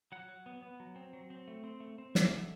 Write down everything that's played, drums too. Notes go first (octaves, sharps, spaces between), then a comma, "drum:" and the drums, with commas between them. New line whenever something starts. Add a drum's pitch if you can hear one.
F#3 F#5
F#3
B3
B3
F#3
C4
F#3
C4
A3
C4
A3
C4
A3 E5, drum: snare
D3